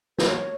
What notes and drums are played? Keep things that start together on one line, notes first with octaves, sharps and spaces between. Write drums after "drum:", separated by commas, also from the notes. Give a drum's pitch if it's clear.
B4, drum: snare
C#5